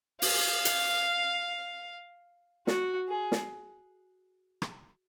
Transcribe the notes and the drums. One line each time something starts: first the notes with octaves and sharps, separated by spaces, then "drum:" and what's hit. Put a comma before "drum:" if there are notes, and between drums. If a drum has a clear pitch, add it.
F5, drum: open hi-hat
drum: hi-hat
F#4, drum: snare
G#4
drum: snare
drum: rim click